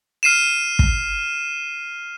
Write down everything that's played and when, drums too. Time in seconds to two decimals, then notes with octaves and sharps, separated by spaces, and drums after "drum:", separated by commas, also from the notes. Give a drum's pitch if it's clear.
0.23 F6 C7 D#7 E7
0.79 drum: kick